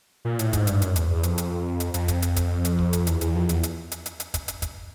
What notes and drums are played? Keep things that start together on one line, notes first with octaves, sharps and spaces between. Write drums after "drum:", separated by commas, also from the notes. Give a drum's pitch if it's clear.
A#2
A2, drum: hi-hat
G#2, drum: kick, hi-hat
G2, drum: hi-hat
F#2, drum: hi-hat
E2, drum: hi-hat
E2
F2, drum: hi-hat
drum: hi-hat
drum: hi-hat
F2, drum: hi-hat
drum: kick, hi-hat
drum: hi-hat
drum: kick, hi-hat
drum: hi-hat
drum: kick
drum: hi-hat
E2, drum: hi-hat
E2, drum: hi-hat
F2
E2, drum: hi-hat
drum: hi-hat
drum: hi-hat
drum: hi-hat
drum: hi-hat
drum: kick, hi-hat
drum: hi-hat
drum: kick, hi-hat